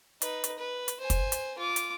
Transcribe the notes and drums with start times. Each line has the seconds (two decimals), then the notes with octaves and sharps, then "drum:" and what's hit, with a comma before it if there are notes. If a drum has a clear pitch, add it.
0.22 D#4 B4, drum: hi-hat
0.44 drum: hi-hat
0.58 B4
0.88 drum: hi-hat
1.00 C5 G#5
1.10 drum: kick, hi-hat
1.32 drum: hi-hat
1.58 F4 D6
1.76 drum: hi-hat